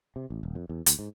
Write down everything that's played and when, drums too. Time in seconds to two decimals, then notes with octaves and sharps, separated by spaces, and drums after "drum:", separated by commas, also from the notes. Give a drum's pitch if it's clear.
0.16 C3
0.30 A1
0.43 D#1
0.55 F2
0.69 E2
0.86 D2, drum: hi-hat
0.99 G#2